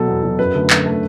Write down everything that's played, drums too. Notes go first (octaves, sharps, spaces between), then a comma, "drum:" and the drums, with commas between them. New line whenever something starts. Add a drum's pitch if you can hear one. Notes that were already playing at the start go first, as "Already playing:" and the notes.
Already playing: B2 F#3 A4
E2
B2 F#3
F#2 B4
D3 A3
F#2, drum: clap
D3 A3